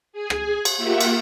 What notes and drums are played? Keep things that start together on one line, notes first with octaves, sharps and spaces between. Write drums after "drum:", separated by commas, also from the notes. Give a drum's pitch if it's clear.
G#4 G#5
drum: rim click
drum: cymbal
A#3 F4 G4 E5 F#5 C#7
drum: cymbal